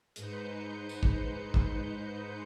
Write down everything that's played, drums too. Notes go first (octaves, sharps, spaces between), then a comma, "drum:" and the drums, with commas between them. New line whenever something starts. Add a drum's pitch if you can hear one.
G#2 D#4 B4 C5 G6 C#7, drum: hi-hat
drum: tambourine
drum: kick
drum: kick